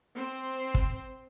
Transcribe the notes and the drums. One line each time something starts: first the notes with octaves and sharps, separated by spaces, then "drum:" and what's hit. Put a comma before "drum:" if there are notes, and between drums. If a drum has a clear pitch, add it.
C4 C5
drum: kick